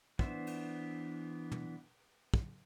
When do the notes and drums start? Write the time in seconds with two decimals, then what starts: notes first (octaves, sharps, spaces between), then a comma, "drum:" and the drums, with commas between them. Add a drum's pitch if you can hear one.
0.19 E3 B3 D4 C5 E5, drum: kick
0.47 drum: cymbal
1.52 drum: tom
2.34 drum: kick